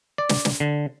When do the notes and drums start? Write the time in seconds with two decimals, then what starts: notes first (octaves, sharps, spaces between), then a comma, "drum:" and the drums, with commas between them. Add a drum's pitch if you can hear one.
0.18 D5
0.29 drum: snare
0.45 drum: snare
0.60 D3